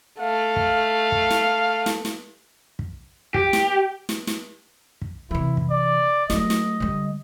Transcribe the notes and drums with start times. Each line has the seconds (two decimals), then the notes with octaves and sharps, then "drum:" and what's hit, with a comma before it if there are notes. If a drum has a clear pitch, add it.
0.19 A3 F5
0.56 drum: kick
1.12 drum: kick
1.31 drum: snare
1.86 drum: snare
2.05 drum: snare
2.79 drum: kick
3.34 G4, drum: kick
3.53 drum: snare
4.09 drum: snare
4.27 drum: snare
5.02 drum: kick
5.31 C3 E3 E4
5.57 drum: kick
5.70 D5
6.30 F#3 A3 D#5, drum: snare
6.50 drum: snare
6.80 D3 G3